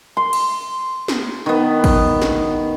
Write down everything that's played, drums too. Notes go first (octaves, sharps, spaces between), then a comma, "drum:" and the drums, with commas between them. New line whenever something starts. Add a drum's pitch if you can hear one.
C6
drum: cymbal
drum: snare
D#3 B3
drum: kick A1, cymbal
drum: snare